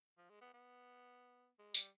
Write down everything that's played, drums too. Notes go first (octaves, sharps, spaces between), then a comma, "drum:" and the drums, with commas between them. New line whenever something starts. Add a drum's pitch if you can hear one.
F3
G#3
B3
B3
G#3
G3, drum: tambourine